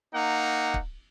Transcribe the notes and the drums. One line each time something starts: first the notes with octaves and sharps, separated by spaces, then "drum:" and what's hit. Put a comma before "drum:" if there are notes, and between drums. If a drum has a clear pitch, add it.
A#3 D#4 F#5
drum: kick